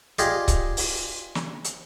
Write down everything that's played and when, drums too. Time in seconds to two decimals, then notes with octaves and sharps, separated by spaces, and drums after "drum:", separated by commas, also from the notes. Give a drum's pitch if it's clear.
0.18 F4 G4 G#4 D5 D#5, drum: hi-hat
0.48 drum: kick C#1, hi-hat
0.77 drum: open hi-hat
1.35 drum: snare
1.64 drum: hi-hat